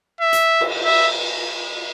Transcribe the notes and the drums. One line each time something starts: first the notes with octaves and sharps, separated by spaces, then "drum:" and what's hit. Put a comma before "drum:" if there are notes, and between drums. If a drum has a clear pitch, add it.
E5
drum: hi-hat
drum: cymbal
E5